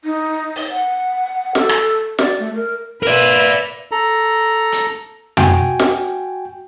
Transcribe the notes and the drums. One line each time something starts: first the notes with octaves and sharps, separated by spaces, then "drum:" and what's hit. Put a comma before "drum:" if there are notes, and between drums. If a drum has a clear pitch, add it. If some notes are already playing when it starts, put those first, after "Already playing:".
D#4
drum: open hi-hat
F#5
A4, drum: snare
drum: rim click
D5, drum: snare
A3
A#4
A#4 B4 D5 E5
A4 A#5
drum: hi-hat
F#4 G5 G#5, drum: tom
drum: snare